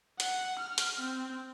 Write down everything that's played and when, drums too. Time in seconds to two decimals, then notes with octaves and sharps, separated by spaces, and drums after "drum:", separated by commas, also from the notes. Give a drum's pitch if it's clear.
0.20 F#5, drum: hi-hat
0.59 F6
0.78 drum: hi-hat
1.00 C4